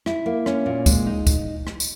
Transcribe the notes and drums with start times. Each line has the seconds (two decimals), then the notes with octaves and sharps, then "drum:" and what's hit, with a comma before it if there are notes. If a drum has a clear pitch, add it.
0.06 E4, drum: rim click
0.26 A#3
0.46 C#4, drum: rim click
0.66 A#2
0.86 G#3, drum: kick, tambourine
1.06 D#4
1.27 drum: kick, tambourine
1.67 drum: rim click
1.80 drum: tambourine